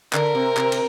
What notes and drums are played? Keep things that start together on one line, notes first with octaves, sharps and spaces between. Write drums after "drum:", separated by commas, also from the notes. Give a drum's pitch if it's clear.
D3 A#4, drum: clap
C3
C3, drum: clap
drum: cymbal